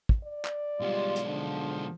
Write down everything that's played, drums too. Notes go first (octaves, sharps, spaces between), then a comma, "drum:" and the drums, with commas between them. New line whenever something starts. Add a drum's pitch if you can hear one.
drum: kick
D5
drum: clap
B1 G3 G#3 F4
drum: hi-hat
D3 F3